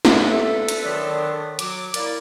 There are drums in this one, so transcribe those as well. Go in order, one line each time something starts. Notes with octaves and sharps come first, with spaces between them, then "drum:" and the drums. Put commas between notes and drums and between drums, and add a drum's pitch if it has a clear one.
drum: snare
D2 A4 B4 E5
drum: hi-hat
D3 D#3 F#3 A3 B3 D4
F#3 D6, drum: hi-hat
A#3 E4 A#4 D5, drum: hi-hat